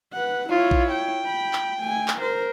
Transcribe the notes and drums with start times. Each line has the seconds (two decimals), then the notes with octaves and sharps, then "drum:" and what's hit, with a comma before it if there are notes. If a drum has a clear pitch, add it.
0.13 B4 F#5
0.50 E4 F4 C#5
0.71 drum: kick A#1
0.91 G5
1.26 B5
1.53 drum: clap
1.80 A3 G#5
2.08 drum: clap
2.19 A#4 C5